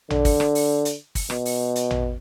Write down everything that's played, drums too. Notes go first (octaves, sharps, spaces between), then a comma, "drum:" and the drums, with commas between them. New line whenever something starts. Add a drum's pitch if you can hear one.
D3, drum: tom A1
drum: kick, open hi-hat
drum: rim click
drum: open hi-hat
drum: hi-hat
drum: kick, open hi-hat
B2, drum: rim click
drum: open hi-hat
drum: hi-hat
drum: tom A1